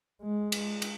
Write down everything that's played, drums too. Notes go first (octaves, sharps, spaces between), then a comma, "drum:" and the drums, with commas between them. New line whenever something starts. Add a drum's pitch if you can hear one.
G#3
drum: cymbal
drum: cymbal